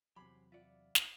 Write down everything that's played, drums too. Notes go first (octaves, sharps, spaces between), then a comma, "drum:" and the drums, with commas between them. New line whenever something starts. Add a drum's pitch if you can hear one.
E2 C3 F#3 G4 G#4 C5 B5
F4 D5 E5 F#5
drum: snare